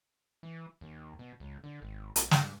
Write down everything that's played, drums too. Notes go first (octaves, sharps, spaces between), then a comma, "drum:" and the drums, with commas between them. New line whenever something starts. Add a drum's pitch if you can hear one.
E3
D#2
B2
C#2
D3
G#1
B1, drum: hi-hat
G2, drum: snare